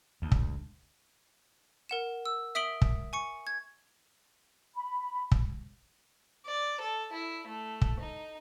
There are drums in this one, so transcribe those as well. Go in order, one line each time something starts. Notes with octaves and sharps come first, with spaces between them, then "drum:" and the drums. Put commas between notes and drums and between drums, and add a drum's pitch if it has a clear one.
D2
drum: kick
A#4 F#5 E7
E6
E5 D#6 B6 D7 F#7 G7
drum: kick
G#5 C#6 C#7
G#6
B5
drum: kick
D5
A4
E4
A3
drum: kick
D#4